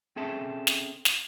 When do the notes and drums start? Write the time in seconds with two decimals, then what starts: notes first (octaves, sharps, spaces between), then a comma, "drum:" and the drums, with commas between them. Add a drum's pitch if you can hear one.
0.16 C4 C#4 G#4 A4 E5 A5
0.67 drum: snare
1.05 drum: snare